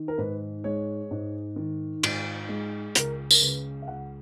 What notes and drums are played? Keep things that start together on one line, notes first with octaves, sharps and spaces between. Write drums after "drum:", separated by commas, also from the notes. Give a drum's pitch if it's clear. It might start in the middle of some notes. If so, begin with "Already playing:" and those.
Already playing: D#3
A#4
G#2 B4
G#3 C#5
G#2
D#3
G#2, drum: cymbal
G#3
C#2 A#4, drum: hi-hat
A#4, drum: tambourine
C#3 B4
F5
C#2 F#5